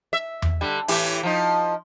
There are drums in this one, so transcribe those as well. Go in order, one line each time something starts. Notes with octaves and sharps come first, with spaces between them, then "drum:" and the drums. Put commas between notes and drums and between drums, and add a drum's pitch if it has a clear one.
E5
drum: tom E2
D3 G3
A2 E3 G4, drum: open hi-hat
F3 D#4